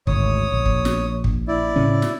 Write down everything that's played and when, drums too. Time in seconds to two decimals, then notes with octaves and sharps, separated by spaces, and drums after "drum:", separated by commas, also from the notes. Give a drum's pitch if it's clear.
0.07 G#1 D2 C#5 D#6, drum: kick
0.52 A#1
0.66 drum: kick
0.85 drum: snare
1.24 drum: kick
1.48 E4 D5
1.76 A2 C#3 C#4
2.02 drum: snare